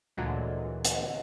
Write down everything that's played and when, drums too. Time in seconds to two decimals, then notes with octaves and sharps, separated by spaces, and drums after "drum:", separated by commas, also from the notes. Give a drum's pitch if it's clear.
0.17 D2 A#2 D3 E3 F#3 G#3
0.85 drum: hi-hat